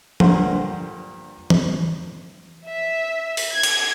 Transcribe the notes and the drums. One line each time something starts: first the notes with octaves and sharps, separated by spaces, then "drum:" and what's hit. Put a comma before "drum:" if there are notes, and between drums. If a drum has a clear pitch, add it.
G2 A#2 D3 C5 F#5 C6, drum: tom F3
drum: tom E3
E5
drum: open hi-hat
G#6
drum: cymbal